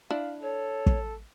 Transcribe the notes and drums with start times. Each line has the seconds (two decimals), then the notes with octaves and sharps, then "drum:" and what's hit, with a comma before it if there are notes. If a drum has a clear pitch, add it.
0.11 D4 E4 F5
0.42 A4 C#5
0.86 drum: kick